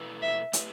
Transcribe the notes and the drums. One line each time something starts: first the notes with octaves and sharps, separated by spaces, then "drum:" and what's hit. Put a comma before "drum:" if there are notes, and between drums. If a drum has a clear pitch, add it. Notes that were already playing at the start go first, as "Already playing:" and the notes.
Already playing: B2 A3 E4 B4
E5
A3 E4 G4 B4, drum: hi-hat